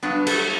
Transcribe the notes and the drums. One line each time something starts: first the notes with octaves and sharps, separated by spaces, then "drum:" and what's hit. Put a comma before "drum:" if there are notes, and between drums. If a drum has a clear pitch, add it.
G2 F#3 B3 D4
A3, drum: cymbal